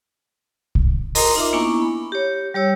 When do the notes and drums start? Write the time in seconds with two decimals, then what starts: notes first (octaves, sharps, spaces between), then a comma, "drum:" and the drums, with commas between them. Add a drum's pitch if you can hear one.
0.75 drum: kick B1
1.15 A#4 D#5 A#5 C6 D#6, drum: open hi-hat
1.36 D#4 F4 E5 D6
1.53 A#3 B3 D4 E4 G#5 C#6
1.82 B5
2.12 G4 C#5
2.54 G3 G4 C#5 E6